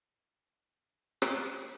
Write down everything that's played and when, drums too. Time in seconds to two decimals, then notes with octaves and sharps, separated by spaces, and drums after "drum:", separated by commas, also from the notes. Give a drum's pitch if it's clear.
0.08 A#3 B3 D#4 C5
1.22 drum: rim click